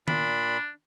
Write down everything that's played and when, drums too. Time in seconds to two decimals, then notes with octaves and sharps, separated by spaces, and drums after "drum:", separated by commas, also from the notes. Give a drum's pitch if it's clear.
0.08 A#2 D4 B5, drum: tom D#3